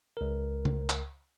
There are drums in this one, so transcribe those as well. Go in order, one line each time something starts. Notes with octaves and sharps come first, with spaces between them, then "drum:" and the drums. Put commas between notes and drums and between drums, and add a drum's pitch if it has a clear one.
C#2 A#4
drum: tom C#3
drum: clap